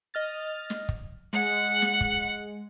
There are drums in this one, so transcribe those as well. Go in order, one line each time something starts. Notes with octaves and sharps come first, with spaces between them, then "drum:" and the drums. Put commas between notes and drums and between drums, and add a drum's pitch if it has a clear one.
D#5 F6 A6
drum: snare
drum: kick
G#3 F#5
drum: snare
drum: kick